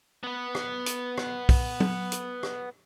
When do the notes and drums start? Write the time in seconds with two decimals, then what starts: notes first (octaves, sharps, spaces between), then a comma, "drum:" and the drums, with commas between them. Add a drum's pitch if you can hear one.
0.23 B3 B4
0.55 drum: rim click
0.86 drum: hi-hat
1.18 drum: rim click
1.49 drum: kick, open hi-hat
1.80 drum: tom
2.12 drum: hi-hat
2.43 drum: rim click